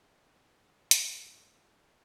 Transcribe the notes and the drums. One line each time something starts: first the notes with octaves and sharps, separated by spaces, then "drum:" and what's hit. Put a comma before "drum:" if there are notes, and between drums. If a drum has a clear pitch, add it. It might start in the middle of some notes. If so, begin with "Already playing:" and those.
Already playing: B2 A#3 G#4
drum: hi-hat
E4